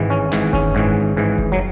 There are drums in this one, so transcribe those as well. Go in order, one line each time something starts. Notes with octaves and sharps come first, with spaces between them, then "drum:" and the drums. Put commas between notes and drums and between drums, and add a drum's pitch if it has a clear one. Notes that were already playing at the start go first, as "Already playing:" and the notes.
Already playing: G#1 G#2 E3
C#4
G#1 G#2 E3, drum: snare
C#4, drum: kick F#1
G#1 G#2 E3
G#1 G#2 E3
drum: kick F#1
F#3